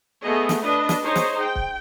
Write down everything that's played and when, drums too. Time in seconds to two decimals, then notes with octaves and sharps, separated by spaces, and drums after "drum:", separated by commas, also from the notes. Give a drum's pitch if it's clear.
0.23 A3 B3 G#4 D#5
0.49 drum: snare
0.62 D4 B4 D#5
0.89 drum: snare
1.02 D#4 G#4 C5 C#5
1.16 drum: snare
1.39 G5
1.55 drum: kick C#1